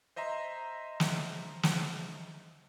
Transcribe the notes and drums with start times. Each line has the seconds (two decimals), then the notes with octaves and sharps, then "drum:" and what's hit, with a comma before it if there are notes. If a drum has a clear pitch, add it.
0.16 C5 D#5 E5 A#5 C6
1.00 drum: snare
1.63 drum: snare